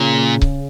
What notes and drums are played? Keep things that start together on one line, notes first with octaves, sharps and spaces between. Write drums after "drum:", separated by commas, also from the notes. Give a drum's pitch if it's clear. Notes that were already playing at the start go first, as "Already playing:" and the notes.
Already playing: A#2 C#3
drum: kick C#1